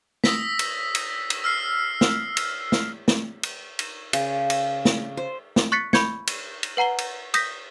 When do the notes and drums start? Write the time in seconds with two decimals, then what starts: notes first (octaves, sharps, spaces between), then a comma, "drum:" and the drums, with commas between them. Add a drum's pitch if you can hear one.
0.24 D#6 E6 A#6 B6, drum: snare
0.59 drum: cymbal
0.95 drum: cymbal
1.30 drum: cymbal
1.44 E6 F6 C7
2.01 drum: snare
2.37 drum: cymbal
2.72 drum: snare
3.08 drum: snare
3.43 drum: cymbal
3.79 drum: cymbal
4.13 C#3, drum: cymbal
4.50 drum: cymbal
4.85 drum: snare
5.17 C5
5.56 drum: snare
5.72 C#6 F#6 A6 B6 C#7
5.93 B5 C#6 G6 G#6 C#7, drum: snare
6.27 drum: cymbal
6.63 drum: cymbal
6.77 B4 F#5 A#5 C7 G7
6.98 drum: cymbal
7.34 D#6 G6 A#6 B6, drum: cymbal